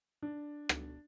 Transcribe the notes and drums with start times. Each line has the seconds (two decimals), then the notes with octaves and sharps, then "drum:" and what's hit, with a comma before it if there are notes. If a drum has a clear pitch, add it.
0.22 D4
0.69 drum: rim click